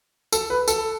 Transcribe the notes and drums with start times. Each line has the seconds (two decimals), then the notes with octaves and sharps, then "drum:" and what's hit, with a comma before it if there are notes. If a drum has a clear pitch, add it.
0.32 A4, drum: tambourine
0.50 B4
0.68 A4, drum: tambourine